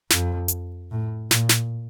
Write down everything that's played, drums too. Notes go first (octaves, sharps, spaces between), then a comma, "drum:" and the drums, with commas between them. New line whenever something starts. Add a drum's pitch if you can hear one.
F2, drum: snare
drum: hi-hat
A2
A#2, drum: snare
drum: snare